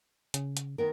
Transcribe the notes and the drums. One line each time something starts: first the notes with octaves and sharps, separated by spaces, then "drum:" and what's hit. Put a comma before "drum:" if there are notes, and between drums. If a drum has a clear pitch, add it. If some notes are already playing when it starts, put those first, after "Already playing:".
C#3, drum: hi-hat
drum: hi-hat
D#3 B3 A#4